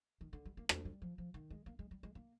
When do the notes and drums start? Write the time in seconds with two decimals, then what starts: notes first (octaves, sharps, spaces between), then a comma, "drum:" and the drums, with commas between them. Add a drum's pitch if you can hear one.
0.21 D#3
0.33 D3
0.45 G3
0.57 A#3
0.69 G#3, drum: rim click
0.85 G3
1.02 F3
1.18 F3
1.34 D#3
1.50 G#3
1.66 A#3
1.79 G#3
1.91 G3
2.03 G#3
2.15 A#3